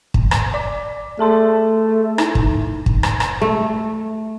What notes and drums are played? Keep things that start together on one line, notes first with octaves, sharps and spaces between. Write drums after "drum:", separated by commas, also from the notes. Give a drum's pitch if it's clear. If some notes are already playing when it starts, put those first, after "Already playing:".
drum: kick
drum: rim click
D5 D6
A3 G#4 A5 C6
D#4 E4, drum: rim click
drum: kick
drum: kick
drum: rim click
drum: rim click
A3